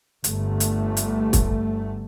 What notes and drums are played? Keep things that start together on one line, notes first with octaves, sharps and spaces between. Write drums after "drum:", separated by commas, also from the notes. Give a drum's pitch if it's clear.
G1 A3, drum: hi-hat
drum: hi-hat
drum: hi-hat
drum: kick, hi-hat